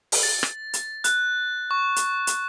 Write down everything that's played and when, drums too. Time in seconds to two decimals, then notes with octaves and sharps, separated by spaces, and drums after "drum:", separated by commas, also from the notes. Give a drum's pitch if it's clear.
0.12 drum: open hi-hat
0.23 A6
0.43 drum: rim click
0.73 drum: hi-hat
1.04 F#6, drum: hi-hat
1.71 C#6
1.96 drum: hi-hat
2.27 drum: hi-hat